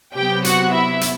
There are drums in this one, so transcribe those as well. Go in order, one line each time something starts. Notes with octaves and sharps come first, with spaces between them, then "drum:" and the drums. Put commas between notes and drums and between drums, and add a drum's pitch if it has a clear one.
C3 F#3 B3 G4 G5
F#4 F#5, drum: hi-hat
E4 E5
drum: hi-hat